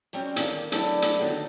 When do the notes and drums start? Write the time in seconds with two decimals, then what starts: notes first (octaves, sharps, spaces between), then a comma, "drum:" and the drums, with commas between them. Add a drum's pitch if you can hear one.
0.13 F#3 G3 C4 C#4
0.36 D3 D#3 A3 A#3, drum: hi-hat
0.72 F#3 G3 A3 B3 D4 E4, drum: hi-hat
1.02 drum: hi-hat
1.20 D3 D#3 F#3 B3 D4 D#4